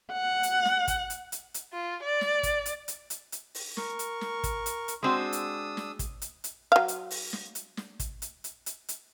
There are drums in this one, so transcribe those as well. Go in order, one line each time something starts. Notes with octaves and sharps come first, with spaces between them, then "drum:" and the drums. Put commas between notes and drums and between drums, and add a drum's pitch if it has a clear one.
F#5
drum: hi-hat
drum: snare
drum: kick, hi-hat
drum: hi-hat
drum: hi-hat
drum: hi-hat
F4
D5
drum: snare
drum: kick, hi-hat
drum: hi-hat
drum: hi-hat
drum: hi-hat
drum: hi-hat
drum: open hi-hat
A#4 C#6, drum: snare
drum: hi-hat
drum: snare
drum: kick, hi-hat
drum: hi-hat
drum: hi-hat
G#3 C4 D4 F#4 D#6 E6
drum: hi-hat
drum: snare
drum: kick, hi-hat
drum: hi-hat
drum: hi-hat
F#3 F5
drum: hi-hat
drum: open hi-hat
drum: snare
drum: hi-hat
drum: snare
drum: kick, hi-hat
drum: hi-hat
drum: hi-hat
drum: hi-hat
drum: hi-hat